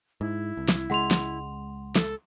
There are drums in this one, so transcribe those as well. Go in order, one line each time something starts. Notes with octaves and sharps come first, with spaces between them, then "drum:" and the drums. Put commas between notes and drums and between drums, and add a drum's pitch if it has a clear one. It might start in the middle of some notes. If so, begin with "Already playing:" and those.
G#2 E4
C2
drum: snare
C#2 G#3 F#5 C6 F7
drum: snare
A4, drum: snare